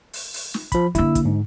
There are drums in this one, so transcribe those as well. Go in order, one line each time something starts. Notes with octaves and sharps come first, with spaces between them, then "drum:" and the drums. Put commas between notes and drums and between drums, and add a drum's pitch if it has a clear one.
drum: open hi-hat
drum: open hi-hat
drum: snare
F3 B5, drum: kick, hi-hat
D3 A#3 E4 E6, drum: hi-hat
drum: kick, hi-hat
G#2